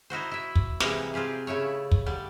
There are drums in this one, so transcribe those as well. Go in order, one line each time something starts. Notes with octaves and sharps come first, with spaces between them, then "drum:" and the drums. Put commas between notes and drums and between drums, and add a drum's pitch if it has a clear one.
D#4 E4 F#4 C5
E4 E5
drum: kick
C3 E3 G3 G#3 A#3 D#4, drum: snare
C4 F4 G4 G#4
C#3 A3 E4 C#5
drum: kick
D3 G3 D5